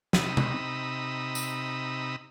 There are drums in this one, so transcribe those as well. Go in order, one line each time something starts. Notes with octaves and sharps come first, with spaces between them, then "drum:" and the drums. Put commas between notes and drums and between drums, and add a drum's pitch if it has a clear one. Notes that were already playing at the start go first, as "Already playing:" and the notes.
C3 D#4 B5 D#6 E6, drum: snare
drum: tom C3
drum: tambourine